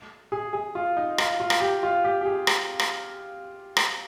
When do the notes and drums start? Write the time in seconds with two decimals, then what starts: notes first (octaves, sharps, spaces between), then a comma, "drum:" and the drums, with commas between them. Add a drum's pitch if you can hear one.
0.32 G#4
0.53 G#4
0.75 F4
0.97 D#4
1.18 F4, drum: rim click
1.40 F4
1.50 drum: rim click
1.60 G4
1.83 F4
2.05 G4
2.21 G4
2.25 G#4
2.47 drum: rim click
2.79 drum: rim click
3.77 drum: rim click